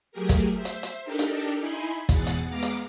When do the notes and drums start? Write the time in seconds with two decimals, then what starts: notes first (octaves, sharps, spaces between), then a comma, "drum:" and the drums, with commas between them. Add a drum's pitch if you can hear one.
0.12 F#3 A3 G4 G#4 A#4
0.29 drum: kick, hi-hat
0.56 C5 E5
0.65 drum: hi-hat
0.83 drum: hi-hat
1.04 D4 D#4 G4 A4 A#4
1.19 drum: hi-hat
1.59 D#4 E4 G#5 B5 C6
2.09 E2 G#2 B2 G#4 F#5 A6, drum: kick, hi-hat
2.27 drum: hi-hat
2.48 G#3 B3 F5 A#5 D6
2.63 drum: hi-hat